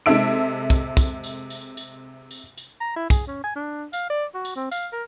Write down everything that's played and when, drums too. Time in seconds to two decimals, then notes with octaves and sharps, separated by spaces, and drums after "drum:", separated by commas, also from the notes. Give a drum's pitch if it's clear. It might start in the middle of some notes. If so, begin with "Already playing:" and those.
0.06 C3 G#3 A4 E5 E6 D7
0.70 drum: kick, tambourine
0.97 drum: kick, tambourine
1.24 drum: tambourine
1.50 drum: tambourine
1.77 drum: tambourine
2.31 drum: tambourine
2.57 drum: tambourine
2.81 A#5
2.96 E4
3.10 G#4, drum: kick, tambourine
3.28 C#4
3.44 G#5
3.56 D4
3.93 F5, drum: tambourine
4.10 D5
4.34 F#4
4.45 drum: tambourine
4.56 C4
4.72 F5, drum: tambourine
4.93 A#4